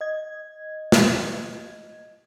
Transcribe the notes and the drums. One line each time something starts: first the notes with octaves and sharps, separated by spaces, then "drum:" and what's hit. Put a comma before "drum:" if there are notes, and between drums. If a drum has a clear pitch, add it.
D#5 G#6
drum: snare